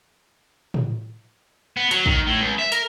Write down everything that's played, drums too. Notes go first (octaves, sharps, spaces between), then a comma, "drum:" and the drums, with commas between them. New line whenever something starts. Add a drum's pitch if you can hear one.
drum: tom A2
B3
F#3, drum: hi-hat
D#3, drum: kick
A2
C#2
E5
A#4, drum: hi-hat